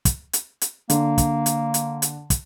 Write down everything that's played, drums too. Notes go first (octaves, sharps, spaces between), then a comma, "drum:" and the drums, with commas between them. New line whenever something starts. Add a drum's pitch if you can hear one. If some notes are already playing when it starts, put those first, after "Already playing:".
drum: kick, hi-hat
drum: hi-hat
drum: hi-hat
D3 A#3, drum: hi-hat
drum: kick, hi-hat
drum: hi-hat
drum: hi-hat
drum: hi-hat
drum: kick, hi-hat